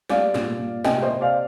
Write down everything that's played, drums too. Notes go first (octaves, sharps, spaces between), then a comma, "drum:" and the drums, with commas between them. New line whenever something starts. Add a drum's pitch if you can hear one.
G3 D5 F5, drum: snare
A#2, drum: snare
A#2
C3 D#5 G5, drum: snare
C5 D#5
C3
D5 F5